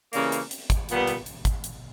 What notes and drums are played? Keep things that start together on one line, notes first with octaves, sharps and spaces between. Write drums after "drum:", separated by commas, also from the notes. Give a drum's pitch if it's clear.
C#3 E3 G3 A#3, drum: hi-hat
drum: hi-hat
drum: hi-hat
drum: kick, hi-hat
A#2 G3 B3, drum: hi-hat
drum: hi-hat
drum: hi-hat
drum: kick, hi-hat
drum: hi-hat